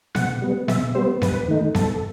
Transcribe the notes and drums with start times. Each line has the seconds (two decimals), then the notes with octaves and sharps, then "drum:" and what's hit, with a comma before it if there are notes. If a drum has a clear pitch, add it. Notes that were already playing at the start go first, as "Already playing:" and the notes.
0.15 B2 F#5, drum: snare B3
0.42 G3 B3
0.68 B2 E5, drum: snare B3
0.95 G3 B3 C5
1.22 G2 B4, drum: snare B3
1.48 D#3 A3 D#4
1.75 G2 A4, drum: snare B3